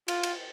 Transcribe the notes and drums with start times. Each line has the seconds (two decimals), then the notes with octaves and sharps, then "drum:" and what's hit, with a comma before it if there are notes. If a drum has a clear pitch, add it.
0.08 F4, drum: cymbal
0.23 drum: cymbal